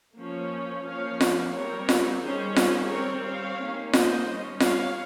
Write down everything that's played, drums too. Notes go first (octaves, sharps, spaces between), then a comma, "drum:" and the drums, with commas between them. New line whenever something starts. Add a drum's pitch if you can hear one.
F3 A#3 C#4
F3 A#3 C#4 C#5 F5
drum: snare F4
G3 C4 A#4 C#5
drum: snare F4
D#3 G3 C#4 G#4 C5
G#4 C5, drum: snare F4
G3 C4 A#4 C#5
C#5 F5
D#3 A#3 C#4
C5 D#5, drum: snare F4
G3 C#4
C#5 F5, drum: snare F4